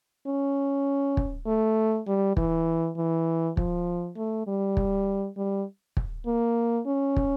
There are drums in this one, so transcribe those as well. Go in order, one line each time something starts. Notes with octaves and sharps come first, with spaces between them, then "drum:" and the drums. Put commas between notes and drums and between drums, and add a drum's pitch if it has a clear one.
C#4
drum: kick
A3
G3
E3, drum: kick
E3
F3, drum: kick
A3
G3
drum: kick
G3
drum: kick
A#3
C#4
drum: kick